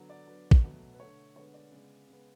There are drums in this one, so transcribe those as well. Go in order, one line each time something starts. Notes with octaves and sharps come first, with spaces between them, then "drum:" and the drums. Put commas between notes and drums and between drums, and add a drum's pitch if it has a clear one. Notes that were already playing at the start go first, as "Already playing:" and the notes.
Already playing: D3 F#3 B3
D5
D3 F#3 B3
drum: kick
B2 F#3 A3
B4
D3 A3 C#5
D3 G#3 B3 C#5
D5
C#3 G#3 B3
C#3 G#3 B3